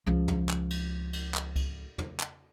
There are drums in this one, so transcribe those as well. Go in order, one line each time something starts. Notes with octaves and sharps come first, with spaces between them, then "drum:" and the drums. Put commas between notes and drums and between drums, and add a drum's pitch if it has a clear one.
C#2 F3
drum: tom
drum: clap
drum: cymbal
drum: cymbal
drum: clap
drum: kick C2, cymbal
drum: tom
drum: clap